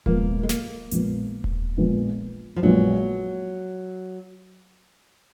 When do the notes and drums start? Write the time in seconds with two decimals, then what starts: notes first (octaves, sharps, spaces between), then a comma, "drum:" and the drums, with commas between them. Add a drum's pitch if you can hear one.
0.06 A#1 A#2 G#3 A#3 B3, drum: kick D#1
0.43 G#3
0.49 A#3, drum: snare
0.91 A#1 A#2 G#3 B3, drum: hi-hat
1.44 drum: kick D#1
1.77 A#1 A#2 G#3 B3
2.56 F3
2.62 A#1 A#2 F#3 G#3 B3